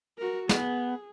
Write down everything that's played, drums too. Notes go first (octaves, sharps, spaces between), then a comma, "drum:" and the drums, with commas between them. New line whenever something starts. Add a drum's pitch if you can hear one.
F#4 A#4
B3 G#4, drum: snare